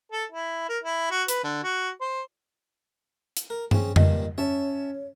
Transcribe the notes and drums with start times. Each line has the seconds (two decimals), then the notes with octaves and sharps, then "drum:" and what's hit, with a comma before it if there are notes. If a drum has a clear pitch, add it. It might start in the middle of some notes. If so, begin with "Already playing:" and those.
0.12 A4
0.32 E4
0.69 A#4
0.83 E4
1.11 F#4
1.28 B4, drum: hi-hat
1.44 D3
1.63 F#4
2.01 C5
3.37 drum: hi-hat
3.50 A#4
3.71 C4 C#4 G#4, drum: tom G2
3.96 G2 A#2 D#3 D#5, drum: tom F2
4.38 C#4 C#5 E5 A5